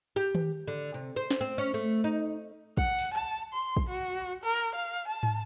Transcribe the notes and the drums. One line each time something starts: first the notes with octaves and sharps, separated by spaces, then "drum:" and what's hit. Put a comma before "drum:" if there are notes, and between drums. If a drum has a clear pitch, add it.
G4
drum: tom D#3
D3
C3
C5
drum: snare
C4
C#4
A3
D#4
F#5, drum: kick
drum: open hi-hat
A5
C6
drum: kick
F#4
A#4
F5
A5
drum: tom